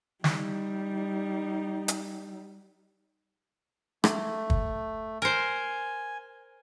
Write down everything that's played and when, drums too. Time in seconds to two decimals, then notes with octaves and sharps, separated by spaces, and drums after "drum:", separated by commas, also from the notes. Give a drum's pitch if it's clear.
0.24 G3 D#4, drum: snare
1.88 drum: hi-hat
4.04 A3, drum: rim click
4.50 drum: kick
5.22 A#4 C5 G#5